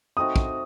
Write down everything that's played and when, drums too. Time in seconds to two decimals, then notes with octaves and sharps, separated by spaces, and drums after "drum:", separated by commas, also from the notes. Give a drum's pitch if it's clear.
0.17 A3 C4 D#4 F#4 D#6
0.36 drum: kick